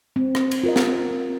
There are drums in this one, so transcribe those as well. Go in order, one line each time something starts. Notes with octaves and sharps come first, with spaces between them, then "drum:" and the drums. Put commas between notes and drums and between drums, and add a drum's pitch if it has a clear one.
C4
drum: rim click
drum: cymbal
F4 A#4 D#5
drum: snare
C4